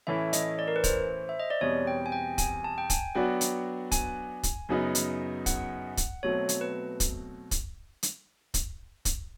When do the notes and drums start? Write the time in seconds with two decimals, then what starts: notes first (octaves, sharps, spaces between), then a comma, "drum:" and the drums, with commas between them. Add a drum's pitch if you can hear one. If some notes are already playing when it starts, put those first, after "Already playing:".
0.07 A2 E3 A3 C#4 E4 E5
0.33 D#5, drum: hi-hat
0.59 D5
0.68 A#4
0.76 B4
0.84 C5, drum: kick, hi-hat
1.29 E5
1.40 D#5
1.50 D5
1.61 E2 B2 G3 C4 C#5
1.87 G5
2.06 G#5
2.12 G5
2.38 G#5, drum: kick, hi-hat
2.64 A5
2.78 G5
2.90 G#5, drum: kick, hi-hat
3.15 F#3 B3 D4 F#4 G5
3.41 drum: hi-hat
3.92 G#5, drum: kick, hi-hat
4.43 drum: kick, hi-hat
4.69 F#2 C#3 F#3 B3 D#4
4.95 drum: hi-hat
5.46 F#5, drum: kick, hi-hat
5.97 drum: kick, hi-hat
6.23 B2 F#3 A3 C4 C#5
6.49 drum: hi-hat
6.61 B4
7.00 drum: kick, hi-hat
7.51 drum: kick, hi-hat
8.03 drum: hi-hat
8.54 drum: kick, hi-hat
9.05 drum: kick, hi-hat